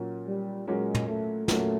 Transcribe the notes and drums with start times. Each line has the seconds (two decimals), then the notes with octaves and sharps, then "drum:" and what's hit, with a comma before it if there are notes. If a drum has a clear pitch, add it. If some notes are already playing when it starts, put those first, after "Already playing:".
Already playing: A#2 F#3 A#3 C#4 F#4
0.27 G3
0.68 A#2 F#3 G#3 A#3 C#4 F#4
0.95 drum: tom
1.08 A3
1.48 A#2 F#3 A3 A#3 C#4 F#4, drum: snare